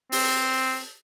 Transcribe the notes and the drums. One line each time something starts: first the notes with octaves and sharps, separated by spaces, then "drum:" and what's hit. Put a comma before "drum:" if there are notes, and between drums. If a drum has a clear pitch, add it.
C4, drum: open hi-hat